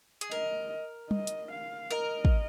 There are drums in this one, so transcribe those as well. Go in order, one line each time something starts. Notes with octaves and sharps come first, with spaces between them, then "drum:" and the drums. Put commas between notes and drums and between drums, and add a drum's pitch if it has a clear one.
G#4, drum: hi-hat
A#4 D#5
D#5, drum: tom G3
drum: hi-hat
F5
A#4 D#5
drum: kick